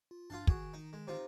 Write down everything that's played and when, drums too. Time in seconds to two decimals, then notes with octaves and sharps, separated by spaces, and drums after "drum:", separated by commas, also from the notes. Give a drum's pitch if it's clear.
0.11 F4
0.30 G2 D4 F4 F5 A5
0.47 D#3 F#4 G#4, drum: kick
0.74 D#4
0.93 G#3
1.07 C3 D#4 F4